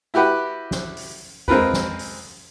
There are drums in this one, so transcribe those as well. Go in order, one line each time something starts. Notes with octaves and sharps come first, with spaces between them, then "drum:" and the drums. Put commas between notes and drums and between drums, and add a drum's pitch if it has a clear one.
E4 F#4 G4 B4 F#5
drum: snare
drum: open hi-hat
G#3 C4 F4 A#4 B4, drum: tom F2
drum: snare
drum: open hi-hat